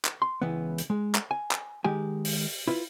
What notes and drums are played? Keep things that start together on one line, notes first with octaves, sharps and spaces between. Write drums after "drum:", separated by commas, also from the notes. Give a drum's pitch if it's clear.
drum: clap
C6
C#2 E3 B3
drum: hi-hat
G#3
drum: clap
G#5
drum: clap
D#3 G#3 G4 G#5
drum: open hi-hat
E4 F4 B4